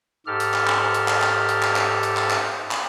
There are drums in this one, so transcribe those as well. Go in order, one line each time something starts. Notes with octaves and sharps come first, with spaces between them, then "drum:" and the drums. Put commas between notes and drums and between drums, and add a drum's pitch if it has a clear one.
G#2 G4 A4 F6
drum: hi-hat
drum: clap
drum: clap
drum: hi-hat
drum: clap
drum: clap
drum: hi-hat
drum: clap
drum: clap
drum: hi-hat
drum: clap
drum: clap
drum: clap